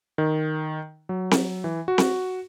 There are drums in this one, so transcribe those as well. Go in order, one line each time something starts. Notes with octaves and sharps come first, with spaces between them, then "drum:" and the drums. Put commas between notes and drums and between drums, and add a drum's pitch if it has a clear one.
D#3
F#3
drum: snare C4
E3
F#4
drum: snare C4